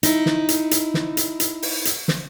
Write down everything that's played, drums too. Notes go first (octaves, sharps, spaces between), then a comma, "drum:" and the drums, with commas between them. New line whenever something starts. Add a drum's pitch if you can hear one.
D#4 E4, drum: hi-hat
drum: snare
drum: hi-hat
drum: hi-hat
drum: snare
drum: hi-hat
drum: hi-hat
drum: open hi-hat
drum: hi-hat
drum: snare